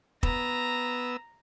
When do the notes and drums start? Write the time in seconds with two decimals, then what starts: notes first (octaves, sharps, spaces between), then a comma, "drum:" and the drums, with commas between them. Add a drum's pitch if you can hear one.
0.23 B3 A#5 E6, drum: kick